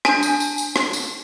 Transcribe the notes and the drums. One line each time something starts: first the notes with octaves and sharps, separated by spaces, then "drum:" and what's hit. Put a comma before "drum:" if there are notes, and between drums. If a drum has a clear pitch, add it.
D4 G#5 A5 D#6, drum: rim click
drum: tambourine
drum: tambourine
drum: tambourine
drum: rim click
drum: tambourine